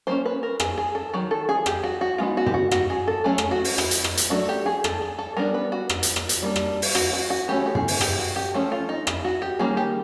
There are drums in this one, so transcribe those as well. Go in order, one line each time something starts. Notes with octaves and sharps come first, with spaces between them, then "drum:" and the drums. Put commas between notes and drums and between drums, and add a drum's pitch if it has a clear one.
G3 A#3 C#4 C5
B4
A#4
G#4, drum: rim click
G#4
A4
D#3 F#3
A4
G#4
G4, drum: rim click
F#4
F#4
G#3 B3 D#4 F4
F#4
G4, drum: tom
F#4
F#4, drum: rim click
G#4
A4
F#3 A3 C#4 G#4
drum: rim click
F#4
drum: open hi-hat
E4, drum: rim click
drum: hi-hat
drum: rim click
drum: hi-hat
F#3 A3 D4 F#4
G4
G#4
A4, drum: rim click
G#4
A4
G3 B3 D4 A#4
B4
F#4
drum: rim click
drum: hi-hat
drum: rim click
drum: hi-hat
G3 A#3 D4
drum: rim click
drum: open hi-hat
F#4, drum: rim click
F#4
F#4
E3 A3 C#4 G4
G4
G#4, drum: tom
drum: open hi-hat
G4, drum: rim click
F#4
G4
F3 A3 C#4
F4
D#4
E4, drum: rim click
F#4
G4
D#3 G3 A#3 C#4 G#4
G4